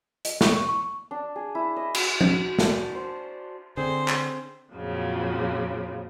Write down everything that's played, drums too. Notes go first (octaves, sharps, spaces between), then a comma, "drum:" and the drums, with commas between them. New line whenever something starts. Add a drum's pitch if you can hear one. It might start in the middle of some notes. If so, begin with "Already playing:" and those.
D#5, drum: hi-hat
C#6, drum: snare
C#6
C#6
D4
G#4
E4
D#5
F#4, drum: cymbal
drum: tom F3
D4, drum: snare
A5
C5
D3 C4 G#4 C5
drum: clap
F2 A#2 C#3 F3 F#3